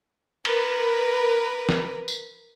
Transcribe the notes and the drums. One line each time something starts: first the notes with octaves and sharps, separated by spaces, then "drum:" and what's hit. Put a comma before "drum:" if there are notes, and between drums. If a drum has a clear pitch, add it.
A#4 B4, drum: cymbal
drum: snare
drum: tambourine